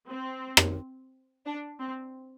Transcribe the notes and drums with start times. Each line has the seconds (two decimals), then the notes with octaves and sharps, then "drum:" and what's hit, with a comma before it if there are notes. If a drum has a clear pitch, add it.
0.09 C4
0.57 drum: rim click
1.46 D4
1.80 C4